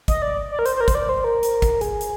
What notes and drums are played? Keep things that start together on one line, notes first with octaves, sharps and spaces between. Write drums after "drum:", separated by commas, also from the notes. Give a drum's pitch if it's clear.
D#5, drum: kick, hi-hat
D5
D5
A#4
C5, drum: hi-hat
C5
A#4
C5, drum: kick, hi-hat
D5
C5
A#4
drum: hi-hat
drum: kick, hi-hat
G#4, drum: hi-hat
drum: hi-hat